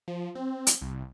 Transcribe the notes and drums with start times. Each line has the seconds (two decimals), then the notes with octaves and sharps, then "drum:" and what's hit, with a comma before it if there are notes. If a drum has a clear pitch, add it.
0.08 F3
0.35 C4
0.67 drum: hi-hat
0.81 C2